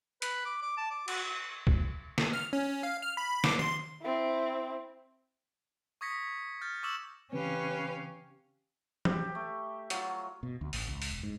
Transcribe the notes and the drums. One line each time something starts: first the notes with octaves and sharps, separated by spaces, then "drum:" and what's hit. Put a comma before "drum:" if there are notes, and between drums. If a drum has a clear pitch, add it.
B4, drum: hi-hat
D6
D6
A5
D6
F#4, drum: cymbal
drum: kick
drum: snare
F6
C#4
F5
F6
B5
D6, drum: snare
C6, drum: tom D#3
C4 E4
C#6 D#6 G#6 A#6 B6 C#7
F6 G6 A6
C#6 D6 E6 E7 F#7
C#3 E3 C4 C#4 G4 B4 F5
G4, drum: tom
A3
F#3 F4, drum: hi-hat
B2
D2
A1, drum: open hi-hat
C#2
drum: open hi-hat
E1
G#2